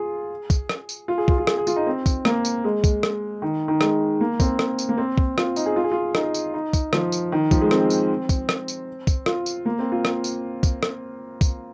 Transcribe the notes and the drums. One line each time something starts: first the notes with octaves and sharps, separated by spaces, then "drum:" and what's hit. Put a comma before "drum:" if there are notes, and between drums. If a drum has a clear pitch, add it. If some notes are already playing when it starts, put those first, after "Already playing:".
Already playing: F4 G#4
drum: kick, tambourine
drum: rim click
drum: tambourine
F4
G#4
F4, drum: kick
F4
G#4, drum: rim click
G#4
F4, drum: tambourine
D#4
C4
drum: kick, tambourine
A#3, drum: rim click
drum: tambourine
G#3
drum: kick, tambourine
drum: rim click
D#3
D#3
G#3, drum: rim click
A#3
C4, drum: kick, tambourine
drum: rim click
drum: tambourine
A#3
C4
drum: kick
F4, drum: rim click
D#4, drum: tambourine
G#4
F4
G#4
F4
D#4, drum: rim click
drum: tambourine
D#4
drum: kick, tambourine
F3, drum: rim click
drum: tambourine
D#3
F3, drum: kick, tambourine
G#3
C4, drum: rim click
drum: tambourine
drum: kick, tambourine
drum: rim click
drum: tambourine
drum: kick, tambourine
F4, drum: rim click
drum: tambourine
A#3
C4
F4
drum: rim click
drum: tambourine
drum: kick, tambourine
drum: rim click
drum: kick, tambourine